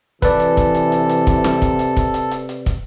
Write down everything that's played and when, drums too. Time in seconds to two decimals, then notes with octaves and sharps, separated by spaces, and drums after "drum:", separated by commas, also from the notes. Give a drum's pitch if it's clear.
0.22 C3 E3 A4 B4 D5, drum: kick, hi-hat
0.40 drum: hi-hat
0.57 drum: kick, hi-hat
0.75 drum: hi-hat
0.92 drum: hi-hat
1.09 drum: hi-hat
1.27 drum: kick, hi-hat
1.44 drum: snare
1.62 drum: kick, hi-hat
1.79 drum: hi-hat
1.97 drum: kick, hi-hat
2.14 drum: hi-hat
2.31 drum: hi-hat
2.49 drum: hi-hat
2.66 drum: kick, hi-hat